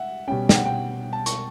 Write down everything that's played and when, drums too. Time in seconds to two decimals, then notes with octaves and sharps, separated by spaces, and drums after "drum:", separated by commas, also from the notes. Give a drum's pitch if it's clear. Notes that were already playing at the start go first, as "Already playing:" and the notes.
Already playing: E5 F#5
0.27 B2 G3 C#4 G5
0.49 G5, drum: snare
0.55 F#5
0.65 G5
1.13 A5
1.26 C#6, drum: hi-hat